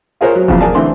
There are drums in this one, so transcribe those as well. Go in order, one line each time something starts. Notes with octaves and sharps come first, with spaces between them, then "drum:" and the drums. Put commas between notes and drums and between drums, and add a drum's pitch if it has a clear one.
F4 G#4 A#4 C5 C#5
F#3
A#1 E2 C#3 F3 F#3, drum: kick E1
G#4 A#4 D5 G#5 A5
D3 E3 A3 C4 C6